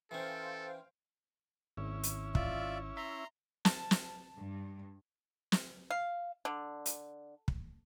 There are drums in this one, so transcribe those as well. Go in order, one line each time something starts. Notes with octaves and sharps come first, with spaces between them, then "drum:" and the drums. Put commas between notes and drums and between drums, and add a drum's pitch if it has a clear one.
E3 C#4 A4 C5 F5 G5
G#1 C#4 E4
drum: hi-hat
F4 D5 E5, drum: kick
E5 A#5 C6
A5, drum: snare
drum: snare
G2
drum: snare
F5
D3
drum: hi-hat
drum: kick